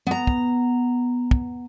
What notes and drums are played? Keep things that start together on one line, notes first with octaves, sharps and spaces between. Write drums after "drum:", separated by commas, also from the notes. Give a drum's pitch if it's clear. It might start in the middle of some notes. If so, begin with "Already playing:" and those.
B3 A#5
drum: kick
drum: kick